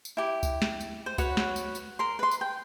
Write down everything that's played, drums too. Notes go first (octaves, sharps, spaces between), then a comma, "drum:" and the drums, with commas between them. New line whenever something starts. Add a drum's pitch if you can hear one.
drum: tambourine
E4 G4
drum: kick, tambourine
drum: snare
drum: tambourine
C5
F#4 B4 C#5 F#5, drum: kick, tambourine
drum: snare
drum: tambourine
drum: tambourine
A#4 C6
B4 C6
drum: tambourine
G5